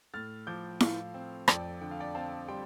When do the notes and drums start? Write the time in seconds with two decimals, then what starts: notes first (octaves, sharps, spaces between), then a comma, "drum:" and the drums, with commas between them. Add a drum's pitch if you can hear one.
0.14 A2 F6 A6
0.47 F3 D6 G6
0.80 A2 F5, drum: snare E4
1.14 C4
1.48 F2 D5 G5, drum: rim click
1.81 D3 G5
1.91 F5
2.00 D5 G5
2.15 C4 F5 A5
2.48 G3 G5 C6